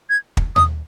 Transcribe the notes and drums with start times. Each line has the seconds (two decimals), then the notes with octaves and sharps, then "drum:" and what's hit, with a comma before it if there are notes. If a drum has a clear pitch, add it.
0.10 G#6
0.37 drum: kick
0.56 D#6, drum: tom D#2